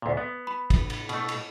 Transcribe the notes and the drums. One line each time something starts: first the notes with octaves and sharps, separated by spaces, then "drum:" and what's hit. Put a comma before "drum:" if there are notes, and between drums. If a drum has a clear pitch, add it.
D2 A#2
B3
B5
drum: kick, cymbal
drum: cymbal
B2 A3, drum: cymbal
drum: cymbal